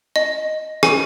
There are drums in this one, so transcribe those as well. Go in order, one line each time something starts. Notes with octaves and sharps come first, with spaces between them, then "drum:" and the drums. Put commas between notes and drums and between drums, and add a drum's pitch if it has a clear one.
D#5
G#5, drum: rim click